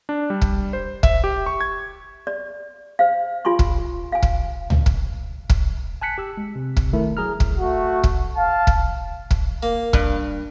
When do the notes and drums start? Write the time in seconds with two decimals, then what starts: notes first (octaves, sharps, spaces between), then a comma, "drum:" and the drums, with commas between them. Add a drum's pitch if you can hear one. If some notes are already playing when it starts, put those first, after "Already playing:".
0.09 D4
0.30 G3
0.41 drum: kick
0.73 C5
1.03 E5, drum: kick
1.24 G4
1.46 C#6
1.61 G#6
2.27 D5
2.99 C5 F5
3.45 F4 G#5 C6 C#6
3.59 drum: kick
4.12 F5 G#5
4.23 drum: kick
4.70 drum: tom C#2
4.86 drum: kick
5.50 drum: kick
6.02 G#5 A5 F#6 B6 C#7
6.18 G4 E6
6.37 G#3
6.55 C3
6.77 drum: kick
6.93 D#3 A3 E4 A#4
7.17 F#3 G#4 A#5 F6
7.40 drum: kick
7.58 A3 F#4
8.04 drum: kick
8.36 F5 A5
8.67 drum: kick
9.31 drum: kick
9.63 A#3
9.93 G2, drum: kick